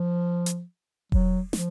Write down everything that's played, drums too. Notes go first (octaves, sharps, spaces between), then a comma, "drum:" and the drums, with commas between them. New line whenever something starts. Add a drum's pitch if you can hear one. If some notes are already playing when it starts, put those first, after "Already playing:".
Already playing: F3
drum: hi-hat
F#3, drum: kick E1
F3, drum: snare